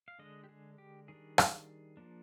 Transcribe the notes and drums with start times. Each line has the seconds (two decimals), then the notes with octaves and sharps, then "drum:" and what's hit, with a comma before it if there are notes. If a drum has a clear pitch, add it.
0.08 F5
0.19 D3 G#3 D4 D#5
0.44 G4
0.49 G#4
0.78 G4
1.08 D#3 G3 D4 G#4
1.38 drum: rim click
1.97 F3 A#3 D4